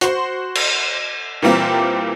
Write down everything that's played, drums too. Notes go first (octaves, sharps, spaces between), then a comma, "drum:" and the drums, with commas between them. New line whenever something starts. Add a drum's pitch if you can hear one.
F#4 C5 C6, drum: hi-hat
drum: cymbal
A#2 E3 G3 A#3 C4 G4